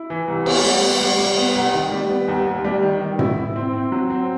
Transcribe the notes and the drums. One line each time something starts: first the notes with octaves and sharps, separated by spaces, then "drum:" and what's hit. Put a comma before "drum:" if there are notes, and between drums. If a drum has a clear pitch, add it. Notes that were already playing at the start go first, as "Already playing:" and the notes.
Already playing: E4
E3
C2
B3, drum: cymbal
G3
B3
G3
G3
B3
C2
D#3
G3
B3
D#2
D#2
G3
D#3
D#3
E4, drum: tom
E4
C4
C4
F#3
C4